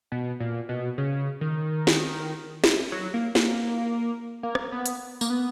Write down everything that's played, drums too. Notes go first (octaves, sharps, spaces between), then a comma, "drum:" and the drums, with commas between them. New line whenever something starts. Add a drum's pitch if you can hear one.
B2
A#2
B2
C#3
D#3
drum: snare
drum: snare
F#3
A#3
A#3, drum: snare
A#3
drum: rim click
B3
drum: hi-hat
A#3, drum: tambourine
B3